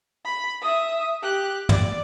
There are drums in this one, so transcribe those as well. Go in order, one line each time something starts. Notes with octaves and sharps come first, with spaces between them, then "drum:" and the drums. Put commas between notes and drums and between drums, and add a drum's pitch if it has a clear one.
B5
E5 D#6
G4 F#6
D5, drum: tom